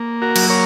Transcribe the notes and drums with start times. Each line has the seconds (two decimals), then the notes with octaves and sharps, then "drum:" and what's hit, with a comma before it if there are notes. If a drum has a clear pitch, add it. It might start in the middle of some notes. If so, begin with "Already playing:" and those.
Already playing: A#3
0.22 F#4 A#4
0.36 F#3, drum: cymbal
0.49 A#4 C#5